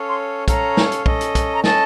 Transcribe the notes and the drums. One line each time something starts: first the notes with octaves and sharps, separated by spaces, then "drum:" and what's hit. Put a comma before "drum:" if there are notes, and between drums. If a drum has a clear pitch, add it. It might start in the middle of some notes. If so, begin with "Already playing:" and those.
Already playing: C#4 A4 C#5 F5
C6
C#4 A4 C#5 F5 A#5, drum: kick, hi-hat
drum: snare
drum: hi-hat
C#4 A4 D#5, drum: kick
drum: hi-hat
drum: kick, hi-hat
A#5
C#4 A4 D#5 A5, drum: snare